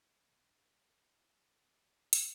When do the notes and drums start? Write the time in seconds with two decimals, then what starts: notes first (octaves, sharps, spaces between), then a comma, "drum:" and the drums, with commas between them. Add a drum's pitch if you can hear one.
0.22 B1
0.47 G2
0.59 A#4
1.13 E4
1.30 F6
1.48 G#5
1.70 G#1
2.13 B2, drum: hi-hat